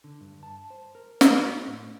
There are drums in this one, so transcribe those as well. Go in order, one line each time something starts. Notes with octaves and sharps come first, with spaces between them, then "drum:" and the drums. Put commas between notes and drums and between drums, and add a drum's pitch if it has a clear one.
D3
G2
A5
C5
A#4
B3, drum: snare
F#4
A2